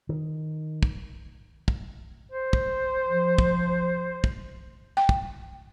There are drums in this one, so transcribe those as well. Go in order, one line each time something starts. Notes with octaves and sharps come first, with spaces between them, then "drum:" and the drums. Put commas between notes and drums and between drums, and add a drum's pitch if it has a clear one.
D#3
drum: kick
drum: kick
C5
drum: kick
F3
drum: kick
drum: kick
G5
drum: kick